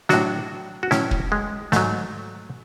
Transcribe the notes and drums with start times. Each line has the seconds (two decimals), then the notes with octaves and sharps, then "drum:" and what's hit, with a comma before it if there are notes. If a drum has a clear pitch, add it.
0.09 A2 F#3 D4 F#4, drum: snare
0.83 F#4
0.91 A2 F#3 C#4 E4, drum: snare
1.11 drum: kick
1.32 G#3
1.72 G#2 F#3 A3, drum: snare